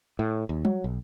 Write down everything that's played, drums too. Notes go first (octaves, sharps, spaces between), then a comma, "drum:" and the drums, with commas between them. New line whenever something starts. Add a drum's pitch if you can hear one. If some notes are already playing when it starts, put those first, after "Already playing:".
A2
D#2
F#3, drum: tom G3
B1